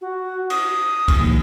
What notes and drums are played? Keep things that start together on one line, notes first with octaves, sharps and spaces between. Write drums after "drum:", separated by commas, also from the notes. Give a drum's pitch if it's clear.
F#4
D#6, drum: cymbal
drum: kick C2, cymbal
A#1 D#2